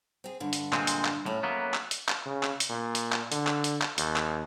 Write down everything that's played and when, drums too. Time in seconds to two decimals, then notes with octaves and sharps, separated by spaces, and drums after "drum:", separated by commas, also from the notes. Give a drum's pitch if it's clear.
0.24 C4 G#4
0.40 G2 D3
0.53 drum: hi-hat
0.73 A#2 G#3 C4, drum: clap
0.87 drum: hi-hat
1.05 drum: clap
1.26 A2 A3 C#4
1.43 F#3 A#3 B3
1.74 drum: clap
1.91 drum: hi-hat
2.08 drum: clap
2.26 C#3
2.43 drum: clap
2.60 drum: hi-hat
2.69 A#2
2.95 drum: hi-hat
3.12 drum: clap
3.32 D3, drum: hi-hat
3.47 drum: clap
3.64 drum: hi-hat
3.81 drum: clap
3.98 D#2, drum: hi-hat
4.16 drum: clap